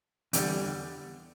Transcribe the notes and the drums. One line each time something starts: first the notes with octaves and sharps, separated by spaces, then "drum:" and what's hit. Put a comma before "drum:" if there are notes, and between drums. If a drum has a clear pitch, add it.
E2 D3 G3, drum: hi-hat